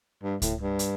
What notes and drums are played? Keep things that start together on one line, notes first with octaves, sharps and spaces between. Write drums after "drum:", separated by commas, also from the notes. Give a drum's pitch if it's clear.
G2
A2, drum: kick C#2, hi-hat
G2
drum: hi-hat